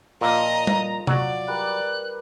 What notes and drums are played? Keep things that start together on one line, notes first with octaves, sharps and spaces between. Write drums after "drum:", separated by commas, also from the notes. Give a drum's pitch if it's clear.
A#2 F3 D#5 F5 A#5 D#6
drum: tom G3
F#3 D5, drum: tom C3
G3 A#4 B4 F#6